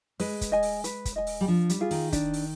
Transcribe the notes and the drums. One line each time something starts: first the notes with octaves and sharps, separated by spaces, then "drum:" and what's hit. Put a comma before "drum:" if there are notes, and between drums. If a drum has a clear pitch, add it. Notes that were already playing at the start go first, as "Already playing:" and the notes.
G#3 B4, drum: open hi-hat
drum: kick, hi-hat
D#5 G#5
drum: open hi-hat
B4, drum: hi-hat
drum: kick, hi-hat
D#5 G#5
drum: open hi-hat
G3
F3 D4
G3, drum: hi-hat
F4 G#4
D#3, drum: open hi-hat
D4, drum: kick, hi-hat
drum: open hi-hat